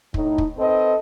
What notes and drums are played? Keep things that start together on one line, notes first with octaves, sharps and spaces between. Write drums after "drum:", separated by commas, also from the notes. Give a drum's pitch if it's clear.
A2 D#4, drum: kick
drum: kick
C4 A4 B4 D#5